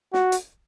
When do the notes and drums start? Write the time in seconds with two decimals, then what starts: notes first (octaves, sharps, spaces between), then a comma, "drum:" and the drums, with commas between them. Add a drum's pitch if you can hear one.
0.14 F#4, drum: snare
0.32 drum: hi-hat